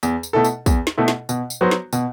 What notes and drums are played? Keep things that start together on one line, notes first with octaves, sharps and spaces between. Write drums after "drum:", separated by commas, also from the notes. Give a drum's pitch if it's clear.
E2, drum: tambourine
drum: tambourine
B2 A3 E4 A4
drum: tambourine
E2, drum: kick, tambourine
drum: snare
B2 A3 E4 A4
drum: snare
B2, drum: tambourine
drum: tambourine
F#3 B3 F#4 C5
drum: snare
B2, drum: tambourine